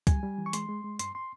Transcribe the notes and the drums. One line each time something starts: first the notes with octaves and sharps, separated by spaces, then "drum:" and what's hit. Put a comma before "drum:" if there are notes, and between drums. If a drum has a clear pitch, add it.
G3 G#5, drum: kick, hi-hat
G3
E3
C#6
G#3 C6, drum: hi-hat
G#3
G#3
G2 C6, drum: hi-hat
C6